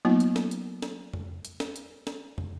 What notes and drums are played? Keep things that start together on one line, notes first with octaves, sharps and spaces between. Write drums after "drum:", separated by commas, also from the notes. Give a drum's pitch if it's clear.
F#3 A#3 B3 D#4 F4
drum: hi-hat
drum: snare
drum: hi-hat
drum: snare
drum: tom
drum: hi-hat
drum: snare
drum: hi-hat
drum: snare
drum: tom